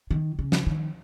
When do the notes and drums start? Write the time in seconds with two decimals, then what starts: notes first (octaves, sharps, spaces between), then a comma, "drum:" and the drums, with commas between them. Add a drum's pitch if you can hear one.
0.11 D#3
0.39 C#3
0.52 drum: snare
0.67 D#3